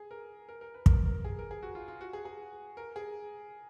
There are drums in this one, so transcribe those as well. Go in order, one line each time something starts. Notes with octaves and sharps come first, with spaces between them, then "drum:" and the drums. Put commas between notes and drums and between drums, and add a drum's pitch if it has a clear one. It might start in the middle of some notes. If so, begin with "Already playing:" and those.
Already playing: G#4
A#4
A#4
A#4
B4
A#4, drum: kick
A#4
G#4
A#4
G#4
F#4
F4
F4
F#4
G#4
G#4
A#4
G#4